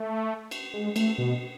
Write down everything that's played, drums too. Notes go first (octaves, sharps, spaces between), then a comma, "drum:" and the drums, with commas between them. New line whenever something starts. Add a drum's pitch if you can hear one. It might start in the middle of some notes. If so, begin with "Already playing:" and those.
Already playing: A3
drum: cymbal
G#3
A3, drum: cymbal
B2